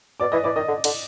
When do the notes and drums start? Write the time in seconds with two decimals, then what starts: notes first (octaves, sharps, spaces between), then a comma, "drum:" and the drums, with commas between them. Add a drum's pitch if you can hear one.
0.20 B2 D5 D6
0.32 E3 D#5 D#6
0.44 E3 D5 D6
0.56 D#3 D#5 D#6
0.68 D3
0.84 D3, drum: cymbal